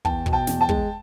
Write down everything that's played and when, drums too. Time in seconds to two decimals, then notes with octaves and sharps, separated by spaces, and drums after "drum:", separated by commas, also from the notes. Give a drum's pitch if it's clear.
0.05 E2 G5 A5, drum: kick
0.26 B2, drum: kick
0.33 G5 A5
0.47 E2, drum: snare
0.61 G5 A5
0.69 G#3, drum: kick